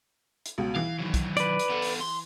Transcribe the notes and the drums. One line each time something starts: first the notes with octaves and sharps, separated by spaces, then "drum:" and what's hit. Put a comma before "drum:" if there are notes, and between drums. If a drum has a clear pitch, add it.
drum: hi-hat
C#2 B2
E3 F5
D#3 F#3
drum: kick, hi-hat
B4 D5, drum: hi-hat
drum: hi-hat
B3 A4
drum: open hi-hat
C6